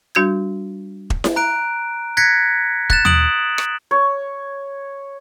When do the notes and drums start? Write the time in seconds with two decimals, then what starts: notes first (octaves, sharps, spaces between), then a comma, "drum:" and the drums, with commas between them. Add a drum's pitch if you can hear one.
0.15 G3 D4 F#4 G6 G#6
1.10 drum: kick E1
1.24 drum: snare E4
1.36 A#5 F#6 D7
2.17 F#6 G#6 A#6 B6 C#7
2.90 F#6 A6 E7, drum: kick E1
3.05 D#6 D7 F#7, drum: tom D#2
3.58 drum: rim click
3.91 C#5